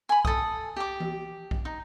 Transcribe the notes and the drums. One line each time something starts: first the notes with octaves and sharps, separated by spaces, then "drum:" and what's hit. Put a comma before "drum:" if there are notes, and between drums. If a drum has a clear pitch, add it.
G#5 B5
A4 D#6, drum: kick B1
G4 D6
drum: tom E3
drum: kick B1
D#4